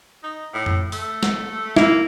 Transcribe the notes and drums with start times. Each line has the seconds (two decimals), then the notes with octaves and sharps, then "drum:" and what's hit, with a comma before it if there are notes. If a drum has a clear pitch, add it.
0.23 D#4
0.54 A2
0.66 drum: tom F2
0.92 A3, drum: open hi-hat
1.23 drum: snare
1.76 A#3 E4, drum: snare